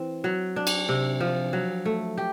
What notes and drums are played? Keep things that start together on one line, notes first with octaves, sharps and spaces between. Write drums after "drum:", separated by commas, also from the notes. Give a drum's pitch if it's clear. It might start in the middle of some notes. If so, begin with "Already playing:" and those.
Already playing: E3 C4
F#3
D4
drum: cymbal
C3
F3
F#3
A3
G4